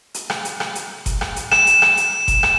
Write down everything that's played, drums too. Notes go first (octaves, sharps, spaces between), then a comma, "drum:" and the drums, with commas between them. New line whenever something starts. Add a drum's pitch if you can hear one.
drum: hi-hat
drum: rim click
drum: hi-hat
drum: rim click
drum: hi-hat
drum: kick F#1, hi-hat
drum: rim click
drum: hi-hat
E7, drum: rim click
drum: hi-hat
drum: rim click
drum: hi-hat
drum: kick F#1, hi-hat
drum: rim click